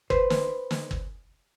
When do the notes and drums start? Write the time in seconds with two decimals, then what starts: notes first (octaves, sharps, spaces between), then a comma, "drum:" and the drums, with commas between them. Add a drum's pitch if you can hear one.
0.10 B4 C5, drum: kick
0.30 drum: snare
0.71 drum: snare
0.91 drum: kick